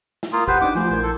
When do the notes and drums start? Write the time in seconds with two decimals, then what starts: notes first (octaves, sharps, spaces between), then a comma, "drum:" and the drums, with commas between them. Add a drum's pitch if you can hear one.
0.23 drum: snare
0.33 A#3 F4 D#6
0.48 G4 B4 C5 F#5, drum: kick G#1
0.61 D4 D#4 D6
0.75 F3 A3 F4 C5 G#5
0.90 A#1 E4 A#4 C5 G#6
1.03 A4